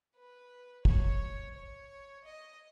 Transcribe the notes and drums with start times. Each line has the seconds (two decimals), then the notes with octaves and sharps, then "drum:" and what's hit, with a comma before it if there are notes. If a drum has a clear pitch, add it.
0.16 B4
0.85 C#5, drum: kick
1.55 C#5
2.24 D#5